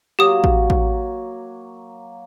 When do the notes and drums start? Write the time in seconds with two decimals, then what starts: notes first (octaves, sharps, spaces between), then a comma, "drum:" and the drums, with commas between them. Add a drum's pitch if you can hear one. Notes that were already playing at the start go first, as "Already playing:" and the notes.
0.19 F#3 A#3 G4 D#6
0.44 drum: kick A1
0.70 drum: kick A1